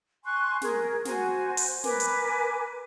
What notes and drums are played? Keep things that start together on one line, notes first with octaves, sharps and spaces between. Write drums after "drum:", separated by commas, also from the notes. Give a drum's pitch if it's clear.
G#5 C6 C#6 F#6
G#4 A#4, drum: snare
F#4 C5 G#5, drum: snare
drum: open hi-hat
A#4 B4 G#5 D6, drum: snare
drum: hi-hat